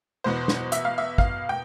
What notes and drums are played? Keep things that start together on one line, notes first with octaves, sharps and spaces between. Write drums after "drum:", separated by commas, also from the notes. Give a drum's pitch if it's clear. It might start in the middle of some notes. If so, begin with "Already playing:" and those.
E2 B2 B3 C5
drum: snare
E5, drum: hi-hat
F5
E5
F5, drum: kick
G5